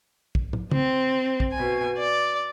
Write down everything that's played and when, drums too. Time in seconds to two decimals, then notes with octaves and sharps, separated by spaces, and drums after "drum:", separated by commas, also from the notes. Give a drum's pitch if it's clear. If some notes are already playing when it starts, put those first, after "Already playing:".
0.35 drum: kick
0.53 drum: tom
0.71 C4, drum: tom
1.40 drum: kick
1.52 B2 G#5
1.97 D5